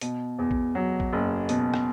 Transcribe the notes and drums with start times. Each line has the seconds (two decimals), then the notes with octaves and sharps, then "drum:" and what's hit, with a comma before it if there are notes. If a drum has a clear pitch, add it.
0.01 B2, drum: hi-hat
0.39 E2
0.51 drum: kick
0.75 F#3
1.00 drum: kick
1.13 F#1
1.49 B2, drum: hi-hat
1.74 drum: rim click